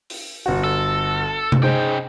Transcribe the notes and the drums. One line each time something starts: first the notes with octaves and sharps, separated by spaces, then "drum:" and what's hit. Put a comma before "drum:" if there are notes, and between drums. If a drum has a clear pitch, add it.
drum: open hi-hat
G1 F#4
A4
drum: tom C3
C#3 D#4 G#4 C5 G5